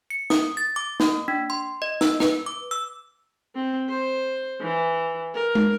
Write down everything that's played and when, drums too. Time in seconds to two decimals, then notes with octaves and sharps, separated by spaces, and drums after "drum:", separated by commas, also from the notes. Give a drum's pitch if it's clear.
0.10 C#7
0.30 D#6, drum: snare
0.57 A6
0.76 D6
1.00 A#3, drum: snare
1.28 D4
1.50 C6
1.82 D#5
2.01 E6, drum: snare
2.20 B4, drum: snare
2.46 D6
2.71 E6
3.55 C4
3.89 C5
4.61 E3
5.35 A#4
5.55 drum: tom